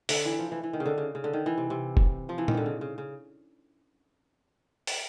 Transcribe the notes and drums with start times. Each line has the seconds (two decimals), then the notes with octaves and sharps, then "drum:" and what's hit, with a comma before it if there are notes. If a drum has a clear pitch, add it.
0.09 D3, drum: open hi-hat
0.25 E3
0.39 F3
0.52 E3
0.63 E3
0.73 D#3
0.80 C#3
0.86 D3
0.98 C#3
1.15 C#3
1.24 D3
1.33 D#3
1.46 E3
1.58 C3
1.70 C3
1.97 drum: kick F1
2.29 F3
2.38 E3
2.48 D#3, drum: tom A#2
2.57 D3
2.66 C#3
2.81 C#3
2.98 C#3
4.87 drum: open hi-hat